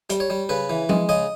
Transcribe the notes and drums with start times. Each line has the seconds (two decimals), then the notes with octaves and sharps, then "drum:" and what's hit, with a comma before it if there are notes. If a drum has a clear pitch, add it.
0.10 G3, drum: hi-hat
0.20 C#5
0.30 G3
0.49 C#3 B4
0.70 E3
0.89 G#3, drum: tom F3
1.09 C#3 D#5